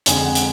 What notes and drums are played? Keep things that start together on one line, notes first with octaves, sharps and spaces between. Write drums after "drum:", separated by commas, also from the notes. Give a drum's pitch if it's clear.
F2 D3 G#3 G#5, drum: hi-hat
G#5
F#5
drum: hi-hat